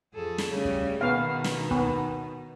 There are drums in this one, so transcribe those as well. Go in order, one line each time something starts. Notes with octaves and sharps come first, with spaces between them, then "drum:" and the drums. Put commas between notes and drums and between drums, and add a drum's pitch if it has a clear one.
F2 G#4 A4
drum: snare
C#3 G3 A3
drum: kick
B2 D#3 B3 D#4 F5
drum: snare
B3, drum: kick